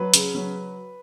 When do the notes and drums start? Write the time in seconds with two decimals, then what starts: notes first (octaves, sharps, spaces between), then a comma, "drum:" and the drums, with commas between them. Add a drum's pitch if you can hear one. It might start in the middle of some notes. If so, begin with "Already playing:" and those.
Already playing: F#3 B4
0.14 C#3, drum: hi-hat
0.35 F#3